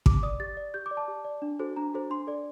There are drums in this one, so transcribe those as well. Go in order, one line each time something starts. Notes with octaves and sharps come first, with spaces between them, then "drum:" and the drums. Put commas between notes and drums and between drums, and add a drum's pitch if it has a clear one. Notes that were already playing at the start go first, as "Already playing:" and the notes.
G4 D6, drum: kick
D5 D#6
G4 A6
D5
G4 G6
D6
D5
A5
G4
D5
D4
F#4 A4 C5
D4 A#5
F#4 A4 C5
D4 C6
A4 D5